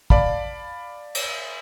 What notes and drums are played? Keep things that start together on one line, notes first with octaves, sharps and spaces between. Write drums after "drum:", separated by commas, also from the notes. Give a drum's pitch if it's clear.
D5 F5 A5 B5, drum: kick
drum: cymbal